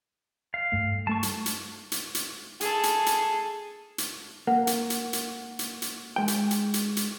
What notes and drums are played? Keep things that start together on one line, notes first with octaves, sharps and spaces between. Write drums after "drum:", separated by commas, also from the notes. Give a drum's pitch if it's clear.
F5
G2 A3
G3 A3 A5 C#6
drum: hi-hat
drum: hi-hat
drum: hi-hat
drum: hi-hat
G#4 A4, drum: hi-hat
drum: hi-hat
drum: hi-hat
drum: hi-hat
A#3 F#5
drum: hi-hat
drum: hi-hat
drum: hi-hat
drum: hi-hat
drum: hi-hat
G#3 G5
drum: hi-hat
drum: hi-hat
drum: hi-hat
drum: hi-hat